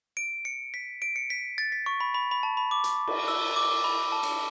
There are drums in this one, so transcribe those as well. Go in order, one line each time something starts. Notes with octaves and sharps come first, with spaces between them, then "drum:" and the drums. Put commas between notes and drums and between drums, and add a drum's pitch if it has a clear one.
D7
C#7
B6
D7
C#7
B6
A6
B6
C#6
B5
B5
B5
A5
B5
D6
drum: hi-hat
drum: cymbal
E6
D6
B5
A5
drum: cymbal